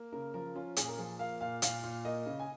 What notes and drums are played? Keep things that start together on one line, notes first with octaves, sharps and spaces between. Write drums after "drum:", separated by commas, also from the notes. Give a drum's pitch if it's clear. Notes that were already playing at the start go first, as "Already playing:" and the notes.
Already playing: A#3
C#3 A#4
F3 A#4
C#4 F4
A#2 G#4, drum: hi-hat
A#4
F3 G#4
A#3 F5
A#2 F5
A#2 F5, drum: hi-hat
A#2
A#3 D#5
C#3
G#5